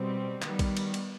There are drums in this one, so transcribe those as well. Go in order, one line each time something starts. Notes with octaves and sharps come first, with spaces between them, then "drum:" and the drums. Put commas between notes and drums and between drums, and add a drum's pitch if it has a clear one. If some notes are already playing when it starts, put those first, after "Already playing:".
Already playing: B2 G3 C4
D#3 G3 B3, drum: clap
drum: kick A#1, cymbal
drum: cymbal
drum: cymbal